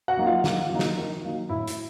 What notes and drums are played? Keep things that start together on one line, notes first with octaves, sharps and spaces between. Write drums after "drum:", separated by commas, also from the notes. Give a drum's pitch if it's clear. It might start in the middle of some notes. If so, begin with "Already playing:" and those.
F#4 F#5
F#3 A#3 D#4
F4 F5
D#3, drum: snare
F#3 A#3 D#4
drum: snare
D#3
F#3 A#3 D#4
A2 E4 E5
drum: hi-hat